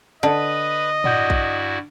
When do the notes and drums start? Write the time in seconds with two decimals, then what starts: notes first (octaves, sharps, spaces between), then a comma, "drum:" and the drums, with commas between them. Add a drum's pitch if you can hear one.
0.23 D3 B4 D#5 B5
1.04 G2 E4 F#4 D5 F#5 G6, drum: tom A2
1.30 drum: kick A#1